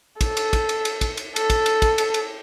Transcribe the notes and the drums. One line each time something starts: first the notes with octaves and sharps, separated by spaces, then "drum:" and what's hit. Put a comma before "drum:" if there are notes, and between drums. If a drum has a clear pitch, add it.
A4, drum: kick, cymbal
drum: cymbal
drum: kick, cymbal
drum: cymbal
drum: cymbal
drum: kick, cymbal
drum: cymbal
A4, drum: cymbal
drum: kick, cymbal
drum: cymbal
drum: kick, cymbal
drum: cymbal
drum: cymbal